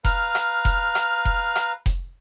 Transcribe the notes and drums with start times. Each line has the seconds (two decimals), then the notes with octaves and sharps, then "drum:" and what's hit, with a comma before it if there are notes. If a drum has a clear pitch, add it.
0.04 B4 F5 A#5 F6, drum: kick F1, hi-hat
0.35 drum: rim click
0.65 drum: kick F1, hi-hat
0.95 drum: rim click
1.25 drum: kick F1
1.55 drum: rim click
1.86 drum: kick F1, hi-hat